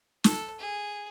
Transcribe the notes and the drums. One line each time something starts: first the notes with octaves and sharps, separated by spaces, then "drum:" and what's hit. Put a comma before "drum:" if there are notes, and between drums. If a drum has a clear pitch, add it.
A4, drum: snare
G#4